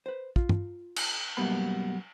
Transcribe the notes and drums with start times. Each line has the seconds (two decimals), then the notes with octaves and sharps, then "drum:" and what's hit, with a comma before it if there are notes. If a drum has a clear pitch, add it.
0.06 B4 C5
0.36 F4, drum: kick
0.49 drum: tom
0.96 drum: cymbal
1.37 F#2 B2 G3 A#3 B3 B5